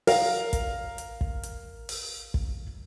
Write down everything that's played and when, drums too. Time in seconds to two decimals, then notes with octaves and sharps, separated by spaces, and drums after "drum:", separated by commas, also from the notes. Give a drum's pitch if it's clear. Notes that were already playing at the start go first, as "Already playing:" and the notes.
0.07 A#4 F5, drum: open hi-hat
0.53 drum: kick, hi-hat
0.98 drum: hi-hat
1.21 drum: kick
1.43 drum: hi-hat
1.89 drum: open hi-hat
2.34 drum: kick